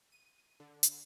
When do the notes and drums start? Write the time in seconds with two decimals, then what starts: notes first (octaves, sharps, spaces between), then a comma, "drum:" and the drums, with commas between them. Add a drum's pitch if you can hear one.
0.12 D#7
0.60 D3
0.83 drum: hi-hat